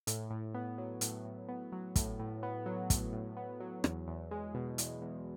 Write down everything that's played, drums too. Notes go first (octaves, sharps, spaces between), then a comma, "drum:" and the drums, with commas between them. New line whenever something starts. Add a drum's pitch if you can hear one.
A2, drum: hi-hat
A2
B3
F#3
A2, drum: hi-hat
A2
B3
F#3
A2, drum: kick, hi-hat
A2
B3
F#3
A2, drum: kick, hi-hat
A2
B3
F#3
E2, drum: rim click
E2
G#3
B2
E2, drum: hi-hat
E2